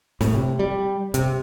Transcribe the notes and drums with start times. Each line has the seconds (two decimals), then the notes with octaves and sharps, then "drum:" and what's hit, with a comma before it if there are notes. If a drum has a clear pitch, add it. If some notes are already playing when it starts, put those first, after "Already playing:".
0.21 A2, drum: snare
0.34 C3
0.59 G3
1.14 C3, drum: hi-hat